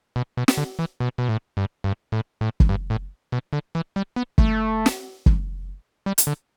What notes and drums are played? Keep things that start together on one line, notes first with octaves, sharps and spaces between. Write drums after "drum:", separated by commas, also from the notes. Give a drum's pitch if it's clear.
B2
B2
drum: snare
D3
E3
B2
B2
A2
G2
G2
A2
A2
drum: kick
G2
A2
B2
D3
E3
G3
B3
A3, drum: kick
drum: snare
drum: kick
G3
drum: hi-hat
D3